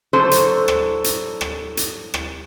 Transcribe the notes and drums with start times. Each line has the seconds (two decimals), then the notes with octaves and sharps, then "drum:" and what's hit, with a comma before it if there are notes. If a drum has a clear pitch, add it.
0.13 A2 D3 F#3 A4 C5
0.31 drum: hi-hat
0.68 drum: rim click
1.04 drum: hi-hat
1.41 drum: rim click
1.77 drum: hi-hat
2.14 drum: rim click